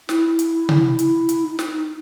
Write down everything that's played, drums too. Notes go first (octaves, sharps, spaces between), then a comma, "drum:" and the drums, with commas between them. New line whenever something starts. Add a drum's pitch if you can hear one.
E4, drum: snare
drum: hi-hat
drum: tom C3
E4, drum: hi-hat
drum: hi-hat
D#4
drum: snare